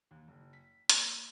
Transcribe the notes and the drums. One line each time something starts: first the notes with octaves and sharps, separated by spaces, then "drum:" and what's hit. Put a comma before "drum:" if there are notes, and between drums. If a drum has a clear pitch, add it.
D#2
F#1
B6
A#3, drum: hi-hat